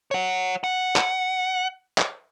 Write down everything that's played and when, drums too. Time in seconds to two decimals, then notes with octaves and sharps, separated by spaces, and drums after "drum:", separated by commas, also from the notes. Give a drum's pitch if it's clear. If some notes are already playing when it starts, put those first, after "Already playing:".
0.11 C#5 F#5
0.64 F#5
0.96 drum: clap
1.98 drum: clap